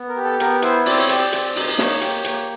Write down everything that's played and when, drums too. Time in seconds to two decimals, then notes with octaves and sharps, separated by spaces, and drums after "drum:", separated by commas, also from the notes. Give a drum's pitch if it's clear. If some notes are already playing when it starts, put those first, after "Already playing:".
Already playing: B3
0.09 A#4
0.16 G4
0.24 A4
0.40 B3 A#4, drum: hi-hat
0.62 E4 C5, drum: hi-hat
0.86 C4 D5, drum: open hi-hat
0.98 C#5
1.09 G4 D5, drum: hi-hat
1.33 C4, drum: hi-hat
1.56 D#4, drum: open hi-hat
1.78 A#3 C#5, drum: snare
2.01 G4, drum: hi-hat
2.24 A#3, drum: hi-hat